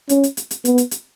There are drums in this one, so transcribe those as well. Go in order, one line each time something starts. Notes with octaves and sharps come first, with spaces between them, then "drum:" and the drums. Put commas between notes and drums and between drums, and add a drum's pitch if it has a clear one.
C#4, drum: hi-hat
drum: hi-hat
drum: hi-hat
drum: hi-hat
B3, drum: hi-hat
drum: hi-hat
drum: hi-hat